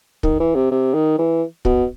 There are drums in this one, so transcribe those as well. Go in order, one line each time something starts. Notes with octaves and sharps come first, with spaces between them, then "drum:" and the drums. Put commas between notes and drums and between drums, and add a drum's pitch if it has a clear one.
D#3, drum: kick
E3
C3
C3
D#3
E3
B2, drum: kick